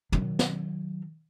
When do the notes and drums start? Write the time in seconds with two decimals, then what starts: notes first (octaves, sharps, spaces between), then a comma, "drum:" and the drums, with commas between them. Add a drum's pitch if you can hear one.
0.12 D#3 F#3, drum: tom
0.39 drum: snare